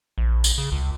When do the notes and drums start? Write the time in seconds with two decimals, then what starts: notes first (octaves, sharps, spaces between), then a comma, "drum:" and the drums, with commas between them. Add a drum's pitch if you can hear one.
0.18 A#1
0.44 drum: tambourine
0.58 C#3
0.72 C#2